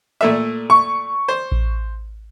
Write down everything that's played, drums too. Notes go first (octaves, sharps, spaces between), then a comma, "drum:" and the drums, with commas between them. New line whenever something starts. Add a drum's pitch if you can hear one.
A#2 A3 E5
C#6
C5
drum: kick A1